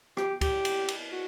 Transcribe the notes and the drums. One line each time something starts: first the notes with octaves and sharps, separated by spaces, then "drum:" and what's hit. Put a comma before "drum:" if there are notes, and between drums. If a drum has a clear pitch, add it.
G4, drum: rim click
G4, drum: kick, cymbal
drum: cymbal
drum: cymbal
F#4